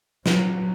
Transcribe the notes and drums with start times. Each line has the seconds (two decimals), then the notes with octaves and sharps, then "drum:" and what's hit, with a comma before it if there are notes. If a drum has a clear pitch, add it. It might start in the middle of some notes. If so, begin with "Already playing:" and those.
0.26 F#3, drum: snare